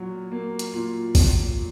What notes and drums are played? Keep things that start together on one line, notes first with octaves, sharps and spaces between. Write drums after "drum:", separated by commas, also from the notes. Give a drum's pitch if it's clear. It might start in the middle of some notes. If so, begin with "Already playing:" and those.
Already playing: A#2 F#3
A#3
drum: hi-hat
A#2
A#2, drum: kick, open hi-hat